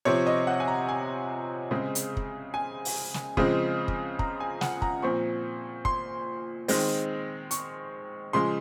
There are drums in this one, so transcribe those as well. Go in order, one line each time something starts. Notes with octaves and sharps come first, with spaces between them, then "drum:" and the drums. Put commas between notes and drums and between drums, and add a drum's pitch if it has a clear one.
C3 F3 C4 C#5
D#5
F#5
G#5
A#5
G#5
C#3 G#3 C4
drum: hi-hat
drum: kick
G#5
drum: open hi-hat
drum: snare
C#3 F3 G#3 C4, drum: kick
drum: kick
A#5, drum: kick
G#5
F#5, drum: snare
A#5, drum: kick
A#2 F3 C4 C#6
C6, drum: kick
D#3 G#3 C4, drum: open hi-hat
C#6, drum: hi-hat
C#3 F3 G#3 C6